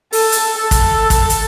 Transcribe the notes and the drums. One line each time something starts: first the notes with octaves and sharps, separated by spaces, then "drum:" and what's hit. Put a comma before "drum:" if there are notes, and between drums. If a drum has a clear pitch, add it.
A4, drum: open hi-hat
drum: hi-hat
A4
drum: kick, hi-hat
drum: kick, hi-hat
drum: hi-hat